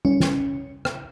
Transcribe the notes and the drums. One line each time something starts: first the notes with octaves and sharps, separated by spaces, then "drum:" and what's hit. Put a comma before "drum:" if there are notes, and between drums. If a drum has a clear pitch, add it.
C#4, drum: tom G3
drum: snare
drum: rim click